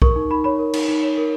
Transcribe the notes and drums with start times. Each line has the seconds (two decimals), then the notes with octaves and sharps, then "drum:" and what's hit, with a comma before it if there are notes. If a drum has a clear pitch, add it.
0.02 A#4 C#6, drum: kick B1
0.16 D#4
0.30 D#4 B5
0.44 C#5 B5
0.59 A#4
0.74 D#4, drum: cymbal
0.88 D#4
1.03 C#5
1.17 A#4